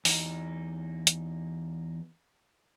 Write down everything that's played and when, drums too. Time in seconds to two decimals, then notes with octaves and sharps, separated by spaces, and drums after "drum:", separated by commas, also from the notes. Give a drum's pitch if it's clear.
0.05 E2 D#4, drum: open hi-hat
1.07 drum: hi-hat